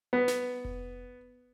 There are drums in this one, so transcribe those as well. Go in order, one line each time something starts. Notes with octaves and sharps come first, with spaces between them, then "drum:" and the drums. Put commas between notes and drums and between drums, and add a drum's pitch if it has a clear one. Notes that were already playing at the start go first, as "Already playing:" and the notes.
B3
drum: snare
drum: kick F1